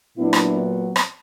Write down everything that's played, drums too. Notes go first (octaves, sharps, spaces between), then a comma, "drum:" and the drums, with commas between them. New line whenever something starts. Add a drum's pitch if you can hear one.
A#2 F#3 B3 D4 E4
drum: rim click
drum: rim click